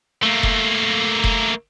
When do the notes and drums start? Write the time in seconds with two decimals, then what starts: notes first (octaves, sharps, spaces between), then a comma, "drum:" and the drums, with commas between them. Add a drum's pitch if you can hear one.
0.23 A3 A#3
0.43 drum: kick F1
1.24 drum: kick F1